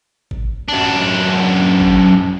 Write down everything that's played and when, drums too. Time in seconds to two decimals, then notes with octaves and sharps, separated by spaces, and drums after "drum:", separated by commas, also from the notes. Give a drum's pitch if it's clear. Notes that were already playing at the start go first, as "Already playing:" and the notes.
0.31 drum: kick G#1
0.68 F#2 D4
1.80 drum: kick G#1